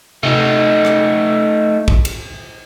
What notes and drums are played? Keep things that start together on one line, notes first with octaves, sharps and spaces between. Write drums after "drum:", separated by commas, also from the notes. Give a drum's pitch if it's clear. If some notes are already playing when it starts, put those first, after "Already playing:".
A3 D#4, drum: tom C3
drum: rim click
drum: kick
drum: cymbal